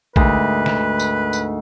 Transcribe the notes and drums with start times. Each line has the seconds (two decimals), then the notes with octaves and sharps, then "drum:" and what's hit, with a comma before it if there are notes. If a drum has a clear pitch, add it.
0.16 D2 G#2 A#4 B4, drum: kick
0.66 drum: snare
1.00 drum: tambourine
1.33 drum: tambourine